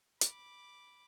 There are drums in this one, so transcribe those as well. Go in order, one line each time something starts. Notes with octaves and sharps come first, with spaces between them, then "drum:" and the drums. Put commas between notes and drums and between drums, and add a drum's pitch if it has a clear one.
B5 D6, drum: hi-hat